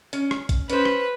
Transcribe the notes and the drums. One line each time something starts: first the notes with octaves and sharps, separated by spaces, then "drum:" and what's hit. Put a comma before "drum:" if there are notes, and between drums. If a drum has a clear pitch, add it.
C#4, drum: hi-hat
drum: rim click
drum: kick, hi-hat
C#4 B4 C5, drum: hi-hat
drum: rim click